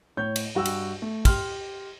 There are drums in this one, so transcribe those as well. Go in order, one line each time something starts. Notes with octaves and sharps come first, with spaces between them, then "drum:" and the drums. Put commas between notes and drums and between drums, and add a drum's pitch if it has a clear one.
A2 C#5 G6
drum: cymbal
G2 F#4 G5 E6
drum: cymbal
A3
G4 C6 F6, drum: kick, cymbal